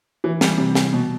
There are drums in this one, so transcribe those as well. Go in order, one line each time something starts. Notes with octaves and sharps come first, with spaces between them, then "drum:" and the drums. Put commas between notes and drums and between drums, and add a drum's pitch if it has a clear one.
E3
G3, drum: snare
C3
drum: snare
B2